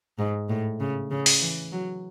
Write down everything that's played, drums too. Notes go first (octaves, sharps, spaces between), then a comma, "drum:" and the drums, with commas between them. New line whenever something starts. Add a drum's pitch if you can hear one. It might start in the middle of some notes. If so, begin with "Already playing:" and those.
G#2
A2
C#3
C#3
drum: open hi-hat
E3
F#3